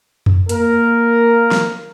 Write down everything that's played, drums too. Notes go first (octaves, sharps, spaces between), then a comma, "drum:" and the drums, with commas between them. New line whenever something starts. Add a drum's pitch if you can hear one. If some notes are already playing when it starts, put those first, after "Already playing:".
drum: tom F2
A#3 A#4, drum: hi-hat
drum: snare